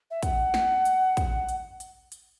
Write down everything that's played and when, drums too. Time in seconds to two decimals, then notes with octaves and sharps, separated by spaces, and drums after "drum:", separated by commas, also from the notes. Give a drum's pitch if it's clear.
0.11 E5
0.23 F#5, drum: kick, hi-hat
0.54 drum: snare
0.85 drum: hi-hat
1.17 drum: kick, hi-hat
1.49 drum: hi-hat
1.80 drum: hi-hat
2.12 drum: hi-hat